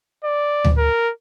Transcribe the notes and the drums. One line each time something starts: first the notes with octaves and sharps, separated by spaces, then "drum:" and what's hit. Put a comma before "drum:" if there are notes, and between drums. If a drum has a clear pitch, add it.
D5
drum: tom D2
A#4